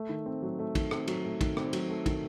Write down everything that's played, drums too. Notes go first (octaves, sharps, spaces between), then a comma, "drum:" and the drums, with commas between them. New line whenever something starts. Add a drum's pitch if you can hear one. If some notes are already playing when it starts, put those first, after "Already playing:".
Already playing: A3
D#3
C4
F#3
A3
D#3, drum: kick, cymbal
C4, drum: rim click
F#3, drum: cymbal
A3
D#3, drum: kick, cymbal
C4, drum: rim click
F#3, drum: cymbal
A3
D#3, drum: kick, cymbal